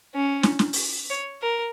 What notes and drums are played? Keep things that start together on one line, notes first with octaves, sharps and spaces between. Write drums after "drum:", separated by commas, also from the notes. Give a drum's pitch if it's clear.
C#4
drum: snare
drum: snare
drum: open hi-hat
C#5
A#4